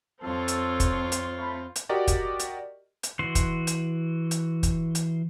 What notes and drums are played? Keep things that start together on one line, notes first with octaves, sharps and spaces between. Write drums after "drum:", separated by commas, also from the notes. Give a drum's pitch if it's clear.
F2 C4 F4 A4 C#5 C6
drum: hi-hat
drum: kick, hi-hat
drum: hi-hat
A3 F5 B5
drum: hi-hat
F#4 G4 A#4 D5 D#5
drum: kick, hi-hat
drum: hi-hat
drum: hi-hat
E3 F#4 C6
drum: kick, hi-hat
drum: hi-hat
drum: hi-hat
drum: kick, hi-hat
drum: hi-hat